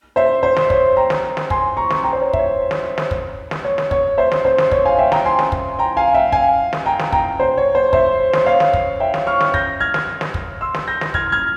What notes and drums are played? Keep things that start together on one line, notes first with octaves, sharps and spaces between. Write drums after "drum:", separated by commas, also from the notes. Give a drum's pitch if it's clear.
C5 E5
C5
drum: snare
C#5, drum: kick
G5 A#5
drum: snare
drum: snare
G#5 C6, drum: kick
A#5 C#6
drum: snare
G5 A#5
C5
C#5
E5, drum: kick
C#5
drum: snare
drum: snare
drum: kick
drum: snare
C#5
drum: snare
C#5, drum: kick
C5 E5
drum: snare
C5
drum: snare
C#5, drum: kick
F5 G#5
E5 G5
G5 A#5, drum: snare
G#5 C6
drum: snare
drum: kick
G5 A#5
F5 G#5
E5 G5
F5 G#5, drum: kick
drum: snare
G5 A#5
drum: snare
G5 A#5, drum: kick
C5
C#5
C5
C5 E5, drum: kick
drum: snare
C#5 F5
drum: snare
drum: kick
E5 G5
drum: snare
C#6 F6
drum: snare
G6 A#6, drum: kick
F6 G#6
drum: snare
drum: snare
drum: kick
C6 E6
drum: snare
G6 A#6
drum: snare
F6 G#6, drum: kick
F6 G#6